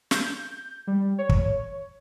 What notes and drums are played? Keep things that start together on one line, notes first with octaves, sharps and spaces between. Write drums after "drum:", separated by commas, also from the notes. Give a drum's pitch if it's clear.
G6, drum: snare
G3
C#5
drum: kick